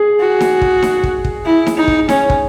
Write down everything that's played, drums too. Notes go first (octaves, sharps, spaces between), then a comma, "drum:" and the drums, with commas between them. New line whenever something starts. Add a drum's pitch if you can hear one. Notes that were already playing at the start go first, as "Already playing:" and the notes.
Already playing: G#4
F#4
drum: snare D#4
drum: kick
drum: snare D#4
drum: kick
drum: kick
E4
drum: snare D#4
D#4
drum: kick
C#4, drum: snare D#4
drum: kick